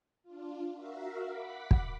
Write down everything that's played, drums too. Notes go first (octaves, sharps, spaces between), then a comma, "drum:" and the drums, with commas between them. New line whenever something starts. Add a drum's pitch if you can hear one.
D4 F4
F#4 A#4 E5 F5
F#5 B5 D6 B6
drum: kick